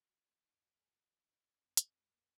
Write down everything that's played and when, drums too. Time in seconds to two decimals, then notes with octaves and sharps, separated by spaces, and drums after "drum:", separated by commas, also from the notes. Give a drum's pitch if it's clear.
0.09 F#4
0.22 F4
0.34 F4
0.45 F2 D#4
0.64 F#4
0.76 A#4
0.81 G#4
0.93 F#4
1.06 D#4
1.13 F4
1.22 D#4
1.53 F#2 C#4
1.66 C4
1.77 A#3, drum: hi-hat
1.90 F#2 C4
2.01 G#3
2.13 A#3